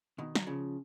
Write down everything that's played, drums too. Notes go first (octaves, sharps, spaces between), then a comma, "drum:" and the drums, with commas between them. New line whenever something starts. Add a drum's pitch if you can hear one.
B2 D#3
F#3, drum: snare
C#3 F3